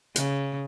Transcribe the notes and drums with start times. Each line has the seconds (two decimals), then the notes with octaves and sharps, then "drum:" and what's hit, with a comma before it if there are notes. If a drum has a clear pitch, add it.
0.16 C#3, drum: hi-hat